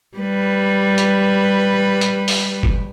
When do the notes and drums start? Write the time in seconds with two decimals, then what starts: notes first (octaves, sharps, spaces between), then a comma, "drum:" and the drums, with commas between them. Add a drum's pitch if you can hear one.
0.18 G3 B4
0.98 drum: hi-hat
2.01 drum: hi-hat
2.28 drum: open hi-hat
2.63 drum: kick